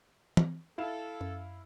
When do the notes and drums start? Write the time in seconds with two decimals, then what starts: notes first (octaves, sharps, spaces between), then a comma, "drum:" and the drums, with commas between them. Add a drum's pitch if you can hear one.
0.37 drum: tom
0.78 E4 A4 F5 E7
1.21 F#2